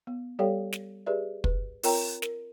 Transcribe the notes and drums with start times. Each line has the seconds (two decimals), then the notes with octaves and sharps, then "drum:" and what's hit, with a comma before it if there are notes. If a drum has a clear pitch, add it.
0.07 B3
0.39 G3 G4 A4 C#5 F5 G5
0.73 drum: snare
1.06 G4 G#4 B4 D5 E5
1.44 B4, drum: kick
1.83 C4 F4 A#4 C#5 G5 A#5, drum: open hi-hat
2.22 A#4, drum: snare